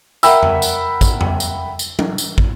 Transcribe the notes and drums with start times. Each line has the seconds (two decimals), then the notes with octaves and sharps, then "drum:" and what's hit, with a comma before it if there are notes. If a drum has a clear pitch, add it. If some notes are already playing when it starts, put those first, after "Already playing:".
0.23 A#4 E5 F#5 G5 B5 E6, drum: tambourine
0.43 drum: tom F2
0.62 drum: tambourine
1.01 drum: kick, tambourine
1.21 drum: tom F2
1.40 drum: tambourine
1.79 drum: tambourine
1.99 drum: tom F#3
2.18 drum: tambourine
2.38 drum: kick